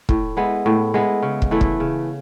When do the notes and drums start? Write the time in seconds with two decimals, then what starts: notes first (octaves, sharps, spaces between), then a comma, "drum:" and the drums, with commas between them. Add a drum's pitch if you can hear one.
0.09 A2, drum: kick
0.37 G#3 B3 E4
0.66 A2
0.94 G#3 B3 E4
1.23 C#3
1.42 drum: kick
1.51 E3 A3 E4
1.61 drum: kick
1.80 C#3